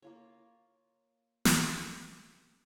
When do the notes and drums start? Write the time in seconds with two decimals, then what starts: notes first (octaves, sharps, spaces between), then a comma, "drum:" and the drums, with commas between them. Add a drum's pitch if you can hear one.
0.02 A#3 F4 C#5
1.45 drum: snare